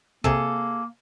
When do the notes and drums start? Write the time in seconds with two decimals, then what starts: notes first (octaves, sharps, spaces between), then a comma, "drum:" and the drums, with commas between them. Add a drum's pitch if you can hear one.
0.24 C3 A#3 G#4 A4, drum: kick